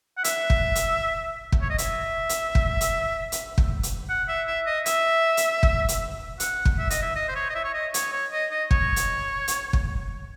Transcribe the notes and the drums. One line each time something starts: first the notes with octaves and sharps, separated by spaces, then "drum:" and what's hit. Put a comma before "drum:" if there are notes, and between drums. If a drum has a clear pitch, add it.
F#5
E5, drum: hi-hat
drum: kick
drum: hi-hat
drum: kick
C#5
D#5
E5, drum: hi-hat
drum: hi-hat
drum: kick
drum: hi-hat
drum: hi-hat
drum: kick
drum: hi-hat
F#5
E5
E5
D#5
E5, drum: hi-hat
drum: hi-hat
drum: kick
drum: hi-hat
F#5, drum: hi-hat
drum: kick
E5
D#5, drum: hi-hat
E5
D#5
C5
C#5
D#5
E5
C#5
D#5
C#5, drum: hi-hat
C#5
D#5
D#5
C#5, drum: kick
drum: hi-hat
drum: hi-hat
drum: kick